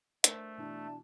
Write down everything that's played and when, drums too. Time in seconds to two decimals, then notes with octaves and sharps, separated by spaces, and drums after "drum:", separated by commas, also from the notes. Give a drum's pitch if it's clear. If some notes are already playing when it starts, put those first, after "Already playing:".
0.24 A3 D4 A#4 C5, drum: hi-hat
0.57 B2 E3 D4 A5